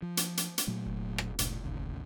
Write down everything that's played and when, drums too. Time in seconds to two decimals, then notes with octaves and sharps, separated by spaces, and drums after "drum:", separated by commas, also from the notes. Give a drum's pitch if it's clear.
0.02 F3
0.17 drum: hi-hat
0.37 drum: hi-hat
0.58 drum: hi-hat
0.67 A#2 F#3 A3
0.86 F1
1.18 drum: rim click
1.39 E1 C2 A2, drum: hi-hat
1.64 A1 D#2 C#3